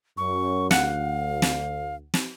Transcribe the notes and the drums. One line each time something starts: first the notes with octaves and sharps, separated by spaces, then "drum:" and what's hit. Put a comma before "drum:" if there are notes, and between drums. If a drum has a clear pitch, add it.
F#2 C#6
D2 F5 F#5, drum: snare
drum: snare
drum: snare